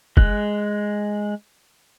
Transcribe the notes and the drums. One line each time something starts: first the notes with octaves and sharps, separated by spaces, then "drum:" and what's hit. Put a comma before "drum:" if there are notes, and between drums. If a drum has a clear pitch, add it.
G#3 F#6, drum: kick